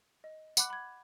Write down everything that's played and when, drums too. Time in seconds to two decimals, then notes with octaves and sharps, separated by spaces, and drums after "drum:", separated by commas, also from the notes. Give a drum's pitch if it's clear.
0.24 D#5
0.57 F#5 B5 D6 F#6, drum: tambourine
0.70 B5 G#6